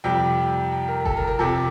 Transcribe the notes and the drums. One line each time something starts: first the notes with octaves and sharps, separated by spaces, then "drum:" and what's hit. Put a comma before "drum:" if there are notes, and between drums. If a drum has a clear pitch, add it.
F2 C3 G3 G5
G5
A#4
A4, drum: kick F#1
A#4
A#4
F2 C3 F3 A4